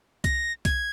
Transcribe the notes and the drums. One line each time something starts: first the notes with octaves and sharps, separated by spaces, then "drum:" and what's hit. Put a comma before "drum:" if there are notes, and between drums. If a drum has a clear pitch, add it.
A#6, drum: kick B1, hi-hat
G#6, drum: kick B1, hi-hat